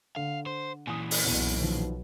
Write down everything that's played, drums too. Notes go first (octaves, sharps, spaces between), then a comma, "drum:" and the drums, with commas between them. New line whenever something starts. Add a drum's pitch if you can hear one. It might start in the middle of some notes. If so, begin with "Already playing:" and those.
D3 F5
C5
A#2 E3 G#5 D#6
drum: open hi-hat
B1 E2 B2 B3
D#3 F3